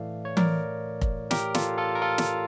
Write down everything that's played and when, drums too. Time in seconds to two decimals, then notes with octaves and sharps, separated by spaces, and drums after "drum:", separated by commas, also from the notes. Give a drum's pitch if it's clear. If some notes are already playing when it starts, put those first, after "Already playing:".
Already playing: A2 E3 A3 D5 F5
0.25 C#5
0.37 A#4 D5, drum: tom E3
1.01 drum: kick F1
1.31 G4 A#4, drum: snare
1.55 F4 A4, drum: snare
1.78 F4 A4
1.95 A#4
2.02 F4 A4
2.18 drum: snare